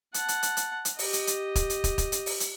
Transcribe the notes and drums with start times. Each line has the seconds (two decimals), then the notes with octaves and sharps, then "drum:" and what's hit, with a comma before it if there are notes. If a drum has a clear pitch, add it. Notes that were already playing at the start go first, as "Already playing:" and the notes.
0.14 F#5 A5, drum: hi-hat
0.28 drum: hi-hat
0.43 drum: hi-hat
0.57 drum: hi-hat
0.85 drum: hi-hat
0.99 G4 D#5, drum: open hi-hat
1.13 drum: hi-hat
1.27 drum: hi-hat
1.56 drum: kick, hi-hat
1.70 drum: hi-hat
1.84 drum: kick, hi-hat
1.98 drum: kick, hi-hat
2.12 drum: hi-hat
2.26 drum: open hi-hat
2.40 drum: hi-hat